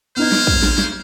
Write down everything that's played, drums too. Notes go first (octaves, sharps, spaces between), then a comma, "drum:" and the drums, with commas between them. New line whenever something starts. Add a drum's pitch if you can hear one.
B3 D#4 C5 F6 G#6
drum: snare
drum: kick
drum: snare
drum: snare